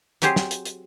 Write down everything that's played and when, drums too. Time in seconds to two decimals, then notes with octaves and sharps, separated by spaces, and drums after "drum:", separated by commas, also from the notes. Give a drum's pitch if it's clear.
0.22 F#3 C4 G4 G#4 C5, drum: hi-hat
0.36 drum: snare
0.51 drum: hi-hat
0.65 drum: hi-hat